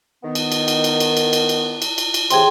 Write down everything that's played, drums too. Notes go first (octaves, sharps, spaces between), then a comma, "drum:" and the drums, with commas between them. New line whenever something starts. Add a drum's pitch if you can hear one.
D#3 B3
drum: cymbal
drum: cymbal
drum: cymbal
drum: cymbal
drum: cymbal
drum: cymbal
drum: cymbal
drum: cymbal
drum: cymbal
drum: cymbal
drum: cymbal
A2 C3 E3 G#4 G5 C6, drum: cymbal